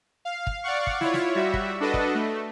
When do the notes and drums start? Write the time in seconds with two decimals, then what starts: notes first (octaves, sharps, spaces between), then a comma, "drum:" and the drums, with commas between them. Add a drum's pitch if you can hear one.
0.25 F5
0.47 drum: kick
0.63 D5 F5 F#5 C#6
0.87 drum: kick
1.01 E4 F4 C#5, drum: snare
1.14 drum: snare
1.35 G3 F#4 E5
1.54 drum: kick
1.80 D4 F#4 A4 B4 D#5
1.94 drum: kick
2.15 A3